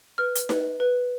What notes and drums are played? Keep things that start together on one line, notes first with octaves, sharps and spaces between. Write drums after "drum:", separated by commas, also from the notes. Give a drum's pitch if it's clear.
B4 F6
drum: hi-hat
B4, drum: snare D#4
B4